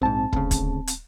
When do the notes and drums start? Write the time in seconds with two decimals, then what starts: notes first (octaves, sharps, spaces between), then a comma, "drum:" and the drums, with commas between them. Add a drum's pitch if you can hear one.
0.02 A#1 G#2 C4 A5
0.33 D2 C#3, drum: kick
0.51 drum: kick, hi-hat
0.87 drum: hi-hat